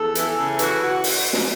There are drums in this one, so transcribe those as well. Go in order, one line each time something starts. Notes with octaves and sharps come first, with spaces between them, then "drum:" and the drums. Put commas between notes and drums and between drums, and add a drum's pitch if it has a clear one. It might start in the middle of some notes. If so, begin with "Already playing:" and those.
Already playing: E2 A4
E3, drum: hi-hat
C#3
E3 F#4, drum: hi-hat
F#4
drum: open hi-hat
drum: snare